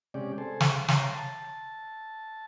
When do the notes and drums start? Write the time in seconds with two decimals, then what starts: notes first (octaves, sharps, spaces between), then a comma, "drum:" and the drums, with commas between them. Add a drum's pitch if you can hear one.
0.14 C3 G#3 C#4 G4 D5
0.38 G#4 A4 C5
0.60 drum: snare
0.88 C#5 G5 A#5 C6, drum: snare
1.14 A5